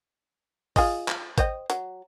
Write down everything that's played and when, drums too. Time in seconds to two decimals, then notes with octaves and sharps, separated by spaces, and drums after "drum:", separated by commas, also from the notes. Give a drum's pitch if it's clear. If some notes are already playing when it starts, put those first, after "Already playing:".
0.76 F4 G#4 D#5, drum: kick G#1, open hi-hat
1.08 drum: clap
1.38 C5 D#5 G5, drum: kick G#1, hi-hat
1.70 F#3, drum: hi-hat